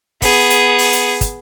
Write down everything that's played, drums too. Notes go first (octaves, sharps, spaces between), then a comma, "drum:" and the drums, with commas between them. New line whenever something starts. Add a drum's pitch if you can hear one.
B3 G#4, drum: kick, open hi-hat
drum: hi-hat
drum: open hi-hat
drum: hi-hat
drum: kick, hi-hat